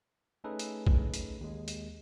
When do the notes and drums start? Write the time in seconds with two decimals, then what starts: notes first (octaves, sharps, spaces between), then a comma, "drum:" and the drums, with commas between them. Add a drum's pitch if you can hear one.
0.44 A3 C#4 D#4 G#4 A4 B4
0.59 drum: hi-hat
0.87 drum: kick
1.14 drum: hi-hat
1.41 D#2 G#3
1.68 drum: hi-hat